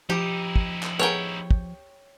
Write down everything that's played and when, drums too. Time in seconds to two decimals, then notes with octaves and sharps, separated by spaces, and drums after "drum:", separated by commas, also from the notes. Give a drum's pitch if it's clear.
0.10 F3 D#4 E4 G4
0.56 drum: kick
0.83 drum: clap
0.99 B3 G#4 A#4 C#5 G5
1.51 drum: kick